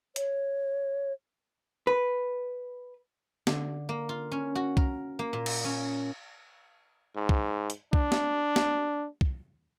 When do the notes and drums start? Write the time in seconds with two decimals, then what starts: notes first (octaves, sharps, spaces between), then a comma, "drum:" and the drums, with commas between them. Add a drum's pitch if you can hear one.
0.16 C#5, drum: hi-hat
1.87 B4
3.47 D3, drum: snare
3.89 A#3
4.09 F4
4.32 C#4
4.55 F#4
4.77 A#4, drum: kick C2
5.19 A#3
5.33 A#2
5.46 drum: cymbal
5.64 C#4
7.16 G#2
7.29 drum: kick C2
7.70 drum: hi-hat
7.93 D4, drum: kick C2
8.12 drum: snare
8.56 drum: snare
9.21 drum: kick C2